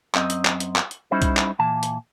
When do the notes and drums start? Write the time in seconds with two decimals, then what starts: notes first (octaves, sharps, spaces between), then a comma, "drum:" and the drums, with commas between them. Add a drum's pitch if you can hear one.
0.15 F#2 C4 D#5, drum: clap
0.30 drum: hi-hat
0.45 drum: clap
0.60 drum: hi-hat
0.76 drum: clap
0.91 drum: hi-hat
1.11 G3 C#4 D#4 E4 C5
1.22 drum: kick B1, hi-hat
1.37 drum: clap
1.59 A#2 E3 A5
1.83 drum: hi-hat